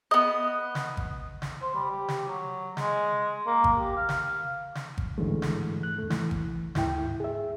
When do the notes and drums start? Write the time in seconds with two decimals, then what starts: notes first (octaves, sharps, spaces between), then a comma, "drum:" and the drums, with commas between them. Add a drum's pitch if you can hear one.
0.11 B3 D#5
0.75 drum: snare
0.97 drum: kick G#1
1.42 drum: snare
1.62 C5
1.75 G3
1.91 G4
2.08 drum: snare
2.27 F#3
2.77 G#3, drum: snare
3.46 A#3
3.64 drum: kick G#1
3.79 G4
3.97 F5
4.09 drum: snare
4.75 drum: snare
4.98 drum: kick G#1
5.18 G#2 D3 E3 G#3 A3
5.42 drum: snare
5.83 F#6
5.98 E2 A3
6.10 E3, drum: snare
6.31 drum: kick G#1
6.75 D2 G#2 E4 G5, drum: snare
7.20 G#4 E5